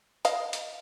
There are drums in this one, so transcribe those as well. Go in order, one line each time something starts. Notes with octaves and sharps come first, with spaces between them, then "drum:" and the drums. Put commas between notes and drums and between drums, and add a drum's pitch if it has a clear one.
D#5 F5, drum: hi-hat
drum: hi-hat